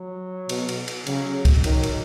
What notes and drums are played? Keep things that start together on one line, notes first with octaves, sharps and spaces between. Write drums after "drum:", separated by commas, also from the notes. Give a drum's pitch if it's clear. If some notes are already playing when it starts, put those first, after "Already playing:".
Already playing: F#3
B2, drum: cymbal
drum: cymbal
drum: cymbal
C#3 F#3, drum: cymbal
drum: kick C2, cymbal
D#3 F#3, drum: cymbal
drum: cymbal